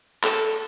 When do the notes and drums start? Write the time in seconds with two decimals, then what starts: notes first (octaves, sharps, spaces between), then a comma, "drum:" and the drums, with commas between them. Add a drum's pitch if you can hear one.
0.24 A4, drum: clap